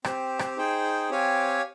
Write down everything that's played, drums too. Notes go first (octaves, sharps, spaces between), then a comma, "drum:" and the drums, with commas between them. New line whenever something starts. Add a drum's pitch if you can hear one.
C4 G4 C5, drum: rim click
drum: rim click
D#4 G#4 C5 G5
C4 G4 C#5 F5 G#5